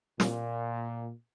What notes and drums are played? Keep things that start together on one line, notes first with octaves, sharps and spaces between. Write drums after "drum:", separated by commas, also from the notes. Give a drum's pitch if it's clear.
A#2, drum: snare